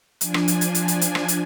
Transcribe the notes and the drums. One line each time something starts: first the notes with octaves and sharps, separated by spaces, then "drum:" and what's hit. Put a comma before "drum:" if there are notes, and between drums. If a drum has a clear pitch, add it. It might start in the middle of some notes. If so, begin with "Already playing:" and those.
F3 D4 G#5, drum: hi-hat
drum: rim click
drum: hi-hat
drum: hi-hat
drum: hi-hat
drum: hi-hat
drum: hi-hat
drum: rim click
drum: hi-hat